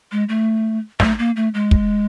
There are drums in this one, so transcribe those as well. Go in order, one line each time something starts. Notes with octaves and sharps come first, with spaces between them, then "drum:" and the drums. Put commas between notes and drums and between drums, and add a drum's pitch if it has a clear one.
G#3
A3
A3, drum: snare
A#3
A3
G#3
drum: kick